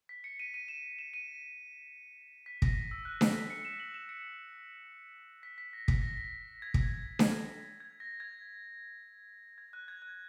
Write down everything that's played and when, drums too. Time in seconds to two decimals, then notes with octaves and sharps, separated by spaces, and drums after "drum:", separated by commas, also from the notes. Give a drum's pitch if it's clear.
0.09 B6
0.24 C#7
0.40 D#7
0.54 D#7
0.68 E7
0.99 E7
1.14 D#7
2.46 B6
2.62 A#6, drum: kick
2.91 E6
3.05 F#6
3.21 A#6, drum: snare D4
3.36 B6
3.50 C#7
3.65 E7
3.80 F#7
3.94 E7
4.09 C#7
5.43 B6
5.58 B6
5.73 A#6
5.88 B6, drum: kick
6.02 A#6
6.62 G#6
6.74 drum: kick
7.19 drum: snare D4
7.80 G#6
8.00 A#6
8.20 G#6
9.58 G#6
9.73 F#6
9.88 G#6
10.02 F#6